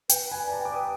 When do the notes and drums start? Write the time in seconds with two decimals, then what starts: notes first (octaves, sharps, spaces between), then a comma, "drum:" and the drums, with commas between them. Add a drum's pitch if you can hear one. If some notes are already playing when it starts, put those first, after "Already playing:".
0.09 B4 G5, drum: hi-hat
0.26 B4
0.32 G#5
0.42 D5
0.48 A#5
0.52 A5
0.58 G5
0.65 D6
0.74 B4 D#6